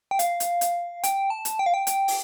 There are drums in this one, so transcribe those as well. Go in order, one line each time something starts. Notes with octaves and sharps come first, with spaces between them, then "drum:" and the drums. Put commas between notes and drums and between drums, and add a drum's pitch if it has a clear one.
G5
F5, drum: hi-hat
drum: hi-hat
drum: hi-hat
G5, drum: hi-hat
A5
drum: hi-hat
G5
F5
G5
G5, drum: hi-hat
drum: open hi-hat